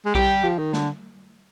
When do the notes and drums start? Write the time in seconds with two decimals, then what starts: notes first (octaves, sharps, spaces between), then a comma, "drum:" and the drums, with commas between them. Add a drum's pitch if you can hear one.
0.06 G#3
0.15 G3 G4, drum: kick A#1
0.44 F3
0.58 D#3
0.73 D3, drum: snare